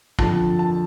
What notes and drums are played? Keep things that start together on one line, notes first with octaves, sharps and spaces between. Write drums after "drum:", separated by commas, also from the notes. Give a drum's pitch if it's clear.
F2 D3 F3 A5, drum: kick
A5